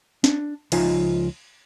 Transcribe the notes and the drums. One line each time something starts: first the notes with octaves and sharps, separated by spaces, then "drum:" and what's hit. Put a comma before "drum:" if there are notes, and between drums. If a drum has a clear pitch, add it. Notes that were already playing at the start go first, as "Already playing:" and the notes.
D4, drum: snare
C#2 F3 D#4 F4 G#5 A#5, drum: cymbal